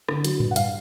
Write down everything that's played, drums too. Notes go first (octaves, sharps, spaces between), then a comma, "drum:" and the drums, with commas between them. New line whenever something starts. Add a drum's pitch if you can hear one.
D3, drum: rim click
F#3, drum: hi-hat
G2, drum: tom A2
F#5
F5, drum: hi-hat